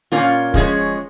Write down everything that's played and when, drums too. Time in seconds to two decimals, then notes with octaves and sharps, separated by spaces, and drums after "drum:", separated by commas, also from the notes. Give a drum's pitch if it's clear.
0.12 A#2 A#3 C#4 F4
0.54 F3 G#3 C#4 G#4 C#5, drum: kick